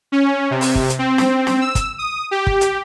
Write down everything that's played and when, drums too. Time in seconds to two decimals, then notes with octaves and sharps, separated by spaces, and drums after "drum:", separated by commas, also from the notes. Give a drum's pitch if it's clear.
0.12 C#4
0.51 C3
0.61 drum: open hi-hat
0.75 drum: kick
0.90 drum: hi-hat
0.99 C4
1.18 drum: snare
1.47 drum: snare
1.61 E6
1.75 drum: kick, hi-hat
1.98 D#6
2.31 G4
2.47 drum: kick
2.61 drum: hi-hat